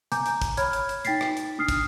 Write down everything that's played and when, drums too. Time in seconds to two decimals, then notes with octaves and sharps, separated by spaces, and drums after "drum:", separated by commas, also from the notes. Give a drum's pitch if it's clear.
0.12 G#5 A#5 D6 G6, drum: hi-hat
0.26 drum: hi-hat
0.42 drum: kick, hi-hat
0.57 C#5 B5 F6 G#6, drum: hi-hat
0.73 drum: hi-hat
0.89 drum: hi-hat
1.05 D#4 G5 A6 B6 C7, drum: hi-hat
1.21 drum: rim click
1.37 drum: hi-hat
1.58 D4 D#6 F6 C7
1.69 drum: kick, hi-hat